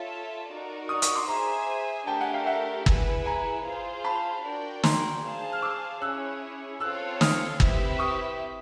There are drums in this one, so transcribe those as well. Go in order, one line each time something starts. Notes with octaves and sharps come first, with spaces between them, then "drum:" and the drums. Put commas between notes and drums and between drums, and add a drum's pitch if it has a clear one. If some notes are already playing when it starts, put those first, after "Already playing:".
Already playing: F4 A4 C#5 E5 A5
D#4 F#4 A#4 D5
C#6 D#6
C#6 D#6, drum: hi-hat
C6 D6
G#4 C5 E5 G#5 A#5 C6
A3 D4 G4 A#4 G5 A5
F#5 G#5
F5 G5
E5 F#5
B3 E4 G#4 B4, drum: kick G1
G#5 A#5
F4 G#4 C5 F5
A5 B5
D4 F#4 A#4 D5 G5
A#5 C6, drum: snare
G#4 C5 F5 A5
F6
D6 E6
C#4 E4 G#4 C#5 E6 F#6
C4 F4 A4 C#5 F5 E6 F#6
D#6 F6, drum: snare
C4 E4 G4 B4 E5, drum: kick G1
C#6 D#6